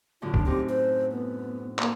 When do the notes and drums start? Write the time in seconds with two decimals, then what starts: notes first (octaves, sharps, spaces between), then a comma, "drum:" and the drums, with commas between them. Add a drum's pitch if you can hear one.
0.22 F#2 A2 D3 F4
0.34 D4, drum: kick
0.46 A3 C4 D#4 G4
0.69 C5
1.11 B3
1.79 A#3, drum: clap